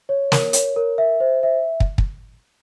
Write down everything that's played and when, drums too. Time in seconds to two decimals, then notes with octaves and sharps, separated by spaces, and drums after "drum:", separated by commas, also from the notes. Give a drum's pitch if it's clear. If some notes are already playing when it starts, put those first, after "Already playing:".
0.09 C#5
0.32 A#4, drum: snare
0.53 C#5, drum: hi-hat
0.76 A#4
0.98 E5
1.20 C5
1.43 E5
1.80 drum: kick
1.98 drum: kick